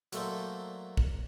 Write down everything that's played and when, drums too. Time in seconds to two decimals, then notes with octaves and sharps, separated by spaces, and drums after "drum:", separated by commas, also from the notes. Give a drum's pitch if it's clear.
0.13 F#3 A3 A#3 A4 C5 D5, drum: hi-hat
0.97 drum: kick